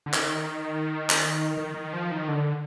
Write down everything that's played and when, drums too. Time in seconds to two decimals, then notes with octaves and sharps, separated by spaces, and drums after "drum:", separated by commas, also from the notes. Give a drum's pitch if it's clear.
0.06 D3
0.13 D#3, drum: clap
1.09 drum: clap
1.58 D#3
1.74 D#3
1.93 F3
2.11 D#3
2.28 D3